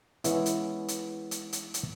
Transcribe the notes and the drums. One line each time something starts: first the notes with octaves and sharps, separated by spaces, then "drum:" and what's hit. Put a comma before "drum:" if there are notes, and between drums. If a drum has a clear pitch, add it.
E3 G#3 B3 C#4 E4, drum: hi-hat
drum: hi-hat
drum: hi-hat
drum: hi-hat
drum: hi-hat
drum: hi-hat